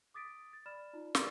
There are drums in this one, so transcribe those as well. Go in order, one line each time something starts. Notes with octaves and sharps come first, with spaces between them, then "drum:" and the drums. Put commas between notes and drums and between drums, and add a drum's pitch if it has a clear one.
D6 D#6 A6 B6 D7
A6
D5 B5 F6 A6 E7
D#4 F4 D5
G4 A4 A#4 D5, drum: snare